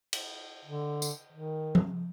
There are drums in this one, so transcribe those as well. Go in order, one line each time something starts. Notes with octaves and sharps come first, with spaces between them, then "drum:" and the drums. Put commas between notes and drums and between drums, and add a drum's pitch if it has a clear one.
drum: cymbal
D3
drum: tambourine
D#3
drum: tom F3